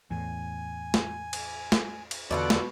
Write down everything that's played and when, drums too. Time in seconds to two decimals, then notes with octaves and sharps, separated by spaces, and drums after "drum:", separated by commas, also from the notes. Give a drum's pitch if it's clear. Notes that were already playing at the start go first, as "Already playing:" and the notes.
0.11 E2 A2 G#5
0.94 drum: snare
1.33 drum: cymbal
1.72 drum: snare
2.11 drum: cymbal
2.31 E2 B2 D3 F4 A4 D5 E5 F#5
2.50 drum: snare